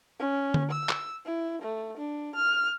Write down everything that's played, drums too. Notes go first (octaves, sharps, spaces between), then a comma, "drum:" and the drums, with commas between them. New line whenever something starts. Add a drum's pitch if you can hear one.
C#4
drum: tom D3
E6
drum: clap
E4
A3
D4
F6